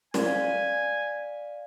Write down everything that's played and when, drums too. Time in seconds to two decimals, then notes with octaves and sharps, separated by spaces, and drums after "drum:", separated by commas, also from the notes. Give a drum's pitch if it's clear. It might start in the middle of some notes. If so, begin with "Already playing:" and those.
0.14 D5 F5 G#5, drum: snare